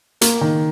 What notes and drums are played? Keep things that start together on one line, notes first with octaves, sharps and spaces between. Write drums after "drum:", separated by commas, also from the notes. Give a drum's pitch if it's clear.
A#3, drum: hi-hat
D#3